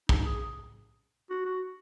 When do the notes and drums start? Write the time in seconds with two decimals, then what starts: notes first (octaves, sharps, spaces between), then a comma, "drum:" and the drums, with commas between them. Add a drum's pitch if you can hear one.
0.09 D#4, drum: kick
0.25 G#4
1.30 F#4
1.45 F#4